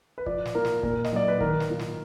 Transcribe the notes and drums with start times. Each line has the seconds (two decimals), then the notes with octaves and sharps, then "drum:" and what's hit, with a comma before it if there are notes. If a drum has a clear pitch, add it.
0.18 B4
0.26 F3 D5, drum: kick
0.45 drum: snare
0.55 A#3 F4 A#4
0.65 drum: snare
0.83 A#2 A#4, drum: kick
1.04 D#5, drum: snare
1.12 F#3 A#3 D5
1.28 B4
1.41 D#3 A#4, drum: kick
1.60 drum: snare
1.70 A#3 F4
1.79 drum: snare